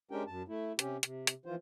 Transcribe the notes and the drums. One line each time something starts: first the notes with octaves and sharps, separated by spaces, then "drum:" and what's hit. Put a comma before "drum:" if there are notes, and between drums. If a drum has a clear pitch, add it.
G#3 C#4 D4 G4 A#4 G5
F#2 A5
A3 E4
C3 C#4 G4, drum: hi-hat
C3, drum: hi-hat
drum: hi-hat
E3 F3 F4 C5